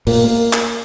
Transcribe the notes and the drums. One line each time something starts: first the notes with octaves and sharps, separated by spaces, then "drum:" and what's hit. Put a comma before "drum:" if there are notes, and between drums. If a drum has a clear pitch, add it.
A#2 A#3, drum: open hi-hat
A#3
drum: clap